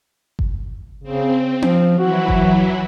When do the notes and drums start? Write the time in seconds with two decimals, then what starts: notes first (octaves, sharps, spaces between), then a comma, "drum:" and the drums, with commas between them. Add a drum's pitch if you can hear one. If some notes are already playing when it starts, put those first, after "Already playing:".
0.39 drum: kick G1
1.03 C#3 C4
1.62 F3, drum: tom C4
1.99 E3 F#3 E4 F#4
2.28 drum: kick G1